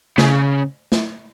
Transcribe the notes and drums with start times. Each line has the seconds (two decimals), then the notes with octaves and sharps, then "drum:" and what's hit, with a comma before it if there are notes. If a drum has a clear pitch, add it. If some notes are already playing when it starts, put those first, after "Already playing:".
0.18 C#3, drum: snare
0.92 drum: snare